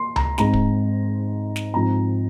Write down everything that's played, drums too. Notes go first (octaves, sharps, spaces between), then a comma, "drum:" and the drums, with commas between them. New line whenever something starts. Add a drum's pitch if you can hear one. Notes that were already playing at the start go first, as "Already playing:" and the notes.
Already playing: A#3 C6
A#5, drum: tom C#2
G#2 G#3 C4 A#5, drum: snare
drum: kick
drum: snare
G#2 F3 C4 A#5